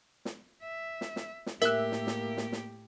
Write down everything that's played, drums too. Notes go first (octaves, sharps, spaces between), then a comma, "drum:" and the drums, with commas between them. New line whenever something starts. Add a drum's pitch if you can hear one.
drum: snare
E5
drum: snare
drum: snare
drum: snare
A2 A#3 G4 A#4 E5 F#6, drum: snare
drum: snare
drum: snare
drum: snare
drum: snare